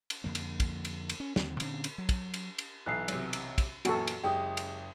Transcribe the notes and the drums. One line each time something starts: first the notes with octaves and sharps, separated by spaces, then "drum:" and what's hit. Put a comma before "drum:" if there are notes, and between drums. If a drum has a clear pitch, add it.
drum: cymbal
F2 D3 A#3
drum: cymbal
drum: kick, cymbal
drum: cymbal
drum: cymbal
C#4
D#2 D3 E3 C4, drum: snare
A#2 D3 C4 C#4, drum: cymbal
drum: cymbal
F#3
drum: kick, cymbal
drum: cymbal
drum: cymbal
B1 E3 F#6 C7
C3 F#3, drum: cymbal
drum: cymbal
drum: kick, cymbal
F#2 A#2 E3 F#4 A4, drum: cymbal
drum: cymbal
F#1 G#3 G4 G5 D#6
drum: cymbal